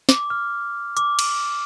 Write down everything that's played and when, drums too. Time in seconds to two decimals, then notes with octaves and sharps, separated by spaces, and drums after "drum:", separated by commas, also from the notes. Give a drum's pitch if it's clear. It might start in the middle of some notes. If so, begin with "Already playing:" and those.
0.09 D6, drum: snare
0.30 F6
0.97 D6, drum: hi-hat
1.19 drum: cymbal